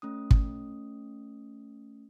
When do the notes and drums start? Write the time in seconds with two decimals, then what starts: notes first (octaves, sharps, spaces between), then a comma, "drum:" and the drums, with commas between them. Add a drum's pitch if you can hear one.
0.02 A3 C#4 D#6
0.31 drum: kick